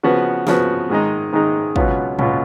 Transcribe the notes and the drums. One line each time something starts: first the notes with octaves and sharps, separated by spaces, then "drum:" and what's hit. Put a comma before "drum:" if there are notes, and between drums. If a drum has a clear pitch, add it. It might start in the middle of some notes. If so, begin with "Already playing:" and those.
C#3 F3 B3 F#4
C#3 F3 B3 F#4, drum: snare
G#2 D#3 G#3 D#4
G#2 D#3 G#3 D#4
C#2 B2 F#3 B3 F4, drum: kick
C#2 B2 F#3 B3 F4, drum: tom A2